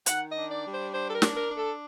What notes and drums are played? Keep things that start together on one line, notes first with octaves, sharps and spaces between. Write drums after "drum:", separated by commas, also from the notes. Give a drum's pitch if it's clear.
D#3 F#5, drum: hi-hat
D#5
D4
D5
G3
C5
D4 C5
A4
A#4
D4, drum: snare
A#4
D4
A4